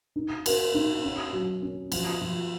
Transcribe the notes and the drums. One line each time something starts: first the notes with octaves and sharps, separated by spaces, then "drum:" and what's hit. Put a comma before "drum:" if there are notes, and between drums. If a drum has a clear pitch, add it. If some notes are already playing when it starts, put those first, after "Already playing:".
D#4
A#4, drum: cymbal
D#4
C#4
F#3
C#4
F3, drum: cymbal
F3